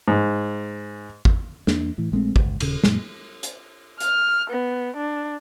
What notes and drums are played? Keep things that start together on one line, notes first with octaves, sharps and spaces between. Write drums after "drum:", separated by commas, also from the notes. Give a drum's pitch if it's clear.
G#2
drum: kick G#1
E2 A#3 D4, drum: snare
A2 E3
A#1 G#3 A3 C4
G1 C#2, drum: kick G#1
D#1 C#3, drum: cymbal
F#2 A#2 G#3, drum: snare
drum: hi-hat
F6, drum: hi-hat
B3
D4